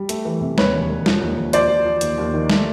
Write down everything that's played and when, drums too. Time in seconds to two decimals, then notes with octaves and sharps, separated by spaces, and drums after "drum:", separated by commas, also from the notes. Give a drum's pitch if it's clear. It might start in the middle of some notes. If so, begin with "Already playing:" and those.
Already playing: G3
0.09 A3, drum: hi-hat
0.25 E3
0.41 C3
0.58 D#2 B4 C#5, drum: snare
0.73 E1
0.89 E1
1.06 F3, drum: snare
1.21 D#2
1.37 D#2
1.53 F3 C5 D5, drum: hi-hat
1.69 F3
1.85 F3
2.01 D#2, drum: hi-hat
2.18 D#2
2.34 D#3
2.50 A3, drum: snare